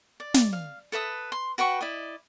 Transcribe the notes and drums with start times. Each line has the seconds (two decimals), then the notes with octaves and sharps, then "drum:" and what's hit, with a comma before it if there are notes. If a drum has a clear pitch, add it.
0.20 D5
0.34 drum: snare
0.53 F5
0.92 A4 B4 E5 D#6
1.32 C6
1.58 F#4 B4 G5 C#6
1.81 E4 D5 D#5